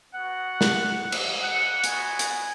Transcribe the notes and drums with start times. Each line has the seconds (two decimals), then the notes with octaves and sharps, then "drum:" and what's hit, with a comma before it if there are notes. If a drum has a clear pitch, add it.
0.14 B3 F#4 F#5
0.61 drum: snare
1.12 drum: cymbal
1.42 F#5
1.84 G#3 B3 F#4 G#5, drum: hi-hat
2.19 drum: hi-hat